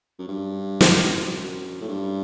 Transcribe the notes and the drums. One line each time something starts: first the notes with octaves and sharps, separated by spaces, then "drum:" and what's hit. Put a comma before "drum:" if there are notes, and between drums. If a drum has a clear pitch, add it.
F#2
G2
drum: snare
F#2
A2
G2